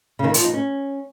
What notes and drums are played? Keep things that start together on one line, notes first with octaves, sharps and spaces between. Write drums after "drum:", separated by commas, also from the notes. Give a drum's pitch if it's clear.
C#3
D#3
F3, drum: hi-hat
D#4
C#4